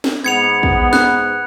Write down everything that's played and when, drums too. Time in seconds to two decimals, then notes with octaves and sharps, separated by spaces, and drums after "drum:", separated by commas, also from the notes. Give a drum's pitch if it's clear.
0.04 drum: snare
0.24 G#2 B3 G#6 C#7 F7
0.63 drum: kick
0.93 F#6, drum: snare